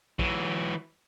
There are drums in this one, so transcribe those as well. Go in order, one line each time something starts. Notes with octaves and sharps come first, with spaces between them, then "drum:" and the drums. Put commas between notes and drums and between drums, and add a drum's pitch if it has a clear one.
E3 F#3, drum: kick A#1